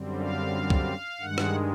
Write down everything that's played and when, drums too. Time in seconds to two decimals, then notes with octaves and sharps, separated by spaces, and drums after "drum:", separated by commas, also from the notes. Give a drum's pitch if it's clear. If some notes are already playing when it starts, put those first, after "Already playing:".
Already playing: F#2 D3 G3 C4
0.20 F5
0.70 drum: kick
1.20 G2 D#3 G#3 F#5
1.38 drum: rim click